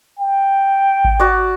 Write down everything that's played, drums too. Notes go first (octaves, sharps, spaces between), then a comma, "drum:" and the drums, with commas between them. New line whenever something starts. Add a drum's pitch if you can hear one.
G5
drum: kick G#1
F#4 D5